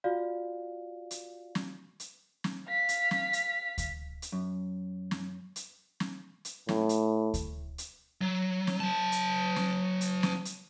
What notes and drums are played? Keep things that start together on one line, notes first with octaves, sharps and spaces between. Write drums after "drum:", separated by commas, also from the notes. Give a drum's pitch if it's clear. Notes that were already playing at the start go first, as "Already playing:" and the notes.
F4 F#4 D5 F5
drum: hi-hat
drum: snare
drum: hi-hat
drum: snare
F5 B6
drum: hi-hat
drum: snare
drum: hi-hat
drum: kick D2, hi-hat
drum: hi-hat
F#2
drum: snare
drum: hi-hat
drum: snare
drum: hi-hat
A2, drum: snare
drum: hi-hat
drum: kick D2, hi-hat
drum: hi-hat
F#3
drum: snare
F#3 A5
drum: hi-hat
drum: snare
drum: hi-hat
drum: snare
drum: hi-hat